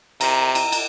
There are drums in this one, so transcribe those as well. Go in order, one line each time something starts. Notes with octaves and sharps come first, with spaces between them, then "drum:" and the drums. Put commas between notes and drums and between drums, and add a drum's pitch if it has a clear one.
C3 A#5, drum: cymbal
drum: cymbal
drum: cymbal